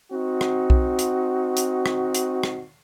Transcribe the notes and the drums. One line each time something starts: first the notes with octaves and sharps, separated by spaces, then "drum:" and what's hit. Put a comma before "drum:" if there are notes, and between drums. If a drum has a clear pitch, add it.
C4 D#4 F#4
drum: rim click
drum: kick B1
drum: hi-hat
drum: hi-hat
drum: rim click
drum: hi-hat
drum: rim click